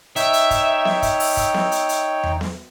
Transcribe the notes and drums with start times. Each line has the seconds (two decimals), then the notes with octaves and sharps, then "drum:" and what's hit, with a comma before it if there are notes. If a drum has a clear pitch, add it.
0.16 D#4 C#5 E5 G5, drum: hi-hat
0.33 drum: hi-hat
0.51 drum: kick, hi-hat
0.85 drum: snare B3
1.02 drum: kick, hi-hat
1.20 drum: open hi-hat
1.37 drum: kick, hi-hat
1.54 drum: snare B3
1.72 drum: hi-hat
1.89 drum: hi-hat
2.23 drum: tom E2
2.41 drum: snare B3